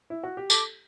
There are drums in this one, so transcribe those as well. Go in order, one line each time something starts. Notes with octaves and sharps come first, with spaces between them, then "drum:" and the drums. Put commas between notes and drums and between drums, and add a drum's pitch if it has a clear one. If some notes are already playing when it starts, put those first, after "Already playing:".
E4
F#4
G4
A4 D6, drum: tambourine